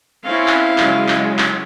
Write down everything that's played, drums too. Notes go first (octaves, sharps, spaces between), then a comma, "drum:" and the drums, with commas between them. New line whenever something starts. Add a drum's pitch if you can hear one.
C4 C#4 E4 F5
drum: clap
C#3 F#3 G#3, drum: clap
drum: clap
drum: clap